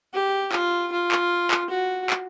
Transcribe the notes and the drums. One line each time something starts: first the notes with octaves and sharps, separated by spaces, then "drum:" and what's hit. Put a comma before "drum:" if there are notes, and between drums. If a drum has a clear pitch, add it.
G4
F4, drum: clap
F4
drum: clap
drum: clap
F#4
drum: clap